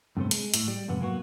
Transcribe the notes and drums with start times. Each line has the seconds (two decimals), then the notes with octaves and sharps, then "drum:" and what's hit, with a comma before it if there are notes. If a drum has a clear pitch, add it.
0.17 G2 C3 A3 C#4 C5
0.31 G#3, drum: hi-hat
0.54 A2, drum: hi-hat
0.68 G3
0.88 F2 G#2 C3 B3
1.01 F#3 A#3 B3 F4 F#4